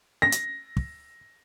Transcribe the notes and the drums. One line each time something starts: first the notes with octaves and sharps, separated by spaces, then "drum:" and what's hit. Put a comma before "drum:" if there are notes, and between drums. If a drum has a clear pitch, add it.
A#6
drum: hi-hat
drum: kick